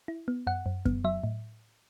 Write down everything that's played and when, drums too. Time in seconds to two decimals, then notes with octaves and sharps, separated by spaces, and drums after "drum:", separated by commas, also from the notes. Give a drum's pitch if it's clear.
0.08 E4
0.28 B3
0.47 F#2 F#5
0.66 F#2
0.85 B3, drum: kick F#2
1.04 F#3 E5
1.23 A2